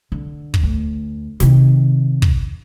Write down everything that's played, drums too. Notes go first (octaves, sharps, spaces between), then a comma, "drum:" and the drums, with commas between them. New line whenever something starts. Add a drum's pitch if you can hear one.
D3
drum: kick
D2
C3 D#3, drum: snare
drum: kick